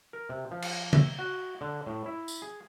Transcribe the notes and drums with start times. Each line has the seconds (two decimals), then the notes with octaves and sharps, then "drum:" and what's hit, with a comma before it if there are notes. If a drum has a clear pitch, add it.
0.13 A#4
0.29 C3
0.51 F3
0.62 drum: cymbal
0.93 E5, drum: tom C#3
1.19 F#4
1.61 D3
1.86 A2
2.06 E4
2.28 drum: tambourine
2.42 G#4